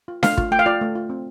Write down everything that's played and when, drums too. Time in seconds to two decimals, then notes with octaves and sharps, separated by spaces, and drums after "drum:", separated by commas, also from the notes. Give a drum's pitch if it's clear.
0.08 F4
0.23 A3 F5, drum: snare D4
0.37 F4, drum: kick
0.51 A3 G5
0.59 F5
0.66 F4 D5
0.81 A3
0.95 F4
1.10 C4